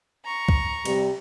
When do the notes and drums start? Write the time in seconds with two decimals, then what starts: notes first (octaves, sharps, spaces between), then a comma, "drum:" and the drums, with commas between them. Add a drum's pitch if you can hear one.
0.25 A#5 C#6
0.49 drum: kick
0.85 C3 G3, drum: cymbal